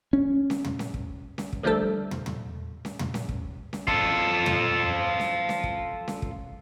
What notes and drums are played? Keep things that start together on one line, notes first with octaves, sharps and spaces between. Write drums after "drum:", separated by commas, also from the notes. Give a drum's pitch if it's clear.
C#4
drum: snare C#4
drum: tom
drum: snare C#4
drum: kick
drum: snare C#4
drum: kick
D3 F3 G3 A3 D4 A4
drum: tom
drum: tom
drum: snare C#4
drum: tom
drum: snare C#4
drum: kick
drum: snare C#4
F4 A4, drum: kick
drum: tom
drum: snare C#4
drum: snare C#4
drum: kick
drum: snare C#4
drum: kick